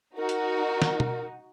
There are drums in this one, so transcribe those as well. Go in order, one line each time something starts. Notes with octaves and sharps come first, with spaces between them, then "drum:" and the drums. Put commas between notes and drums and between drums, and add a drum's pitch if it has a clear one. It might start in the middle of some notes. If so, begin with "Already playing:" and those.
D#4 F#4 A#4
drum: hi-hat
drum: snare
drum: tom B2